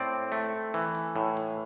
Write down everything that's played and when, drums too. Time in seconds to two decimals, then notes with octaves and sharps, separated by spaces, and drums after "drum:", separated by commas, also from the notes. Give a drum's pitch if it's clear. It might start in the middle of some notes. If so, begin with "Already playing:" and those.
Already playing: A2 C4 D5
0.32 A3
0.74 E3, drum: open hi-hat
0.95 drum: hi-hat
1.16 A2
1.37 drum: hi-hat